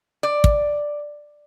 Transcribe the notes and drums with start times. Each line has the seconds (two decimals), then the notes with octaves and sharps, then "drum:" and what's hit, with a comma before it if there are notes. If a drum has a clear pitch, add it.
0.23 D5
0.44 drum: kick